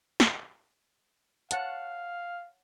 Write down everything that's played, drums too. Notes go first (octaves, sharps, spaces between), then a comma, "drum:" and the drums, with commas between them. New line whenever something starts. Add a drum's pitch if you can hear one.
drum: snare
C#5 F5 F#5 A5, drum: hi-hat